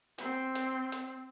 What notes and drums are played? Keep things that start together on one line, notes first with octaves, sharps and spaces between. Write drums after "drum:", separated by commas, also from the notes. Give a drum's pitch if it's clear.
C4, drum: hi-hat
drum: hi-hat
drum: hi-hat